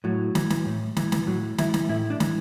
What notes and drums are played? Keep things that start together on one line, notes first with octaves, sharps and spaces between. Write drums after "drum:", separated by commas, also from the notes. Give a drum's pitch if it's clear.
A2 F#3
E3, drum: snare
drum: snare
A2
E3, drum: snare
drum: snare
A2 F#3
E3 E4, drum: snare
drum: snare
A2 E4
D4
E3, drum: snare